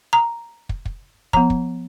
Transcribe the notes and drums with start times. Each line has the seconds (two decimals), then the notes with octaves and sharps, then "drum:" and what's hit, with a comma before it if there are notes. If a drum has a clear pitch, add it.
0.13 A#5
0.69 drum: kick
0.85 drum: kick
1.33 F3 B3 A#5, drum: kick
1.50 drum: kick